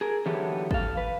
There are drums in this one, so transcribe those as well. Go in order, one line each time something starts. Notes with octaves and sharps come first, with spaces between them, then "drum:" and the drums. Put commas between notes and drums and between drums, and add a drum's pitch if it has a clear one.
G#4 A#4
D3 E3 F#3 B3 G4 A4
A4 F5, drum: kick G#1
B4